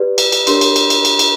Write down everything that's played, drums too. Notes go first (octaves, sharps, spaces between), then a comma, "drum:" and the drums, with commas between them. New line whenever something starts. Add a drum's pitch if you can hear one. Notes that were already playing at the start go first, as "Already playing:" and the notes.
Already playing: G4 B4 D5
drum: cymbal
drum: cymbal
D4 G4 A#4 C#5 C6, drum: cymbal
drum: cymbal
drum: cymbal
drum: cymbal
drum: cymbal
drum: cymbal